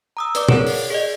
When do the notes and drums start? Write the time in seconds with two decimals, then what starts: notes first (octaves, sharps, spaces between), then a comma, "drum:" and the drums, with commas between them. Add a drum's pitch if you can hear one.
0.17 A#5 D#6 E6
0.35 B4 D5 D6, drum: hi-hat
0.49 G#4 A#4 C#5 F#5, drum: tom
0.67 drum: open hi-hat
0.90 G#4 D5 D#5